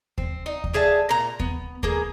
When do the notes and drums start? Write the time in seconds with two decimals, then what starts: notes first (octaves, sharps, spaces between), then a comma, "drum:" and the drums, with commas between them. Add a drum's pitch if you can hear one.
0.18 C4, drum: kick D#2
0.46 D#4
0.64 drum: kick D#2
0.73 G3 G#4 E5 A5
1.09 A#2 A#5
1.40 B3, drum: kick D#2
1.83 A#3 B3 G#4, drum: kick D#2